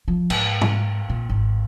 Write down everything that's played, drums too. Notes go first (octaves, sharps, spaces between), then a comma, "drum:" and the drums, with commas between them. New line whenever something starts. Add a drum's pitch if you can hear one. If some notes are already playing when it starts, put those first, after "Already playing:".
F3
G#2, drum: cymbal
drum: tom G#2
A#2
G#1